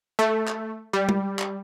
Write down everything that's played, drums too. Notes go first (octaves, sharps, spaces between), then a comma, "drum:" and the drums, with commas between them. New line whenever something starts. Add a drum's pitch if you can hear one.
A3
drum: clap
G3
drum: tom G#3
drum: clap